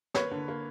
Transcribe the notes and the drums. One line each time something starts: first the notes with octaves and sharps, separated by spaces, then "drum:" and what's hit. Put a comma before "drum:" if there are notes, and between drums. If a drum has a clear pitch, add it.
A#3 B4 C#5, drum: snare
D3
A#3